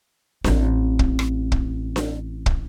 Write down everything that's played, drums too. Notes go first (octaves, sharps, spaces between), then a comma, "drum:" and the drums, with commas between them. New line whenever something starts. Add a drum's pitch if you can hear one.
A1 C4, drum: snare D4
drum: kick
drum: rim click
drum: kick
drum: snare D4
drum: kick